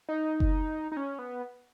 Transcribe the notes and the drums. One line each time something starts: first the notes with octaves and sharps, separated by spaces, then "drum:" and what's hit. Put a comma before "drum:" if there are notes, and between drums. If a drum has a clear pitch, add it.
D#4
drum: kick F#1
D#4
C#4
B3